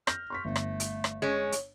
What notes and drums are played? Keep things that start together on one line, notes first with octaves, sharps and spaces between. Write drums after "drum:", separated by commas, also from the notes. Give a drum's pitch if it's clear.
F6 G6 A#6, drum: rim click
C6 C#6 B6
G1 A3
drum: rim click
drum: hi-hat
drum: rim click
G#3 C#4 C#5
drum: hi-hat